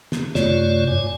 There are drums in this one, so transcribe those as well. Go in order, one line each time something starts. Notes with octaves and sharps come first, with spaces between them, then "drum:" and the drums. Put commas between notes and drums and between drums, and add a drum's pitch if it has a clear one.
drum: snare
F#2 C3 A3 F4 C#5 D5, drum: snare
G2 C#5 G#5